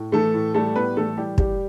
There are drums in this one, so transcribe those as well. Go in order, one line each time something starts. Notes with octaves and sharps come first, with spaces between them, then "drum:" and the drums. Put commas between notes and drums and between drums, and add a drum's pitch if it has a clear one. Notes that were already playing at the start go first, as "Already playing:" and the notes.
Already playing: A2
E3 A3 A4
A2
G3 A3 A4
A2 B3 B4
E3 A3 A4
A2 G3 G4
G3 G4, drum: kick